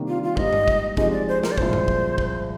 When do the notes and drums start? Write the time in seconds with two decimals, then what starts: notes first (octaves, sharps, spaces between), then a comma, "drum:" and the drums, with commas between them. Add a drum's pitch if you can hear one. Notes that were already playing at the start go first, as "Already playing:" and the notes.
Already playing: C3 D#3 G3 A#3 D4
0.08 F4
0.23 F4
0.37 G#2 G3 A#3 D#4 G4 D#5, drum: kick
0.53 drum: tom G2
0.68 drum: kick
0.97 C3 F3 G#3 D#4 G4 D#5, drum: kick
1.12 D5
1.28 C5
1.43 A#4, drum: snare
1.51 D5
1.58 C2 A#2 F3 G#3 C5, drum: kick
1.73 drum: tom F#2
1.88 drum: kick
2.18 drum: kick